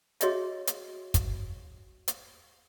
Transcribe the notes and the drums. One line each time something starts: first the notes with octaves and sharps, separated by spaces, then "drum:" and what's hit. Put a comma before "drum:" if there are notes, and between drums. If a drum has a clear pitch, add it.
F#4 G#4 C#5 D#5 E5, drum: hi-hat
drum: hi-hat
drum: kick, hi-hat
drum: hi-hat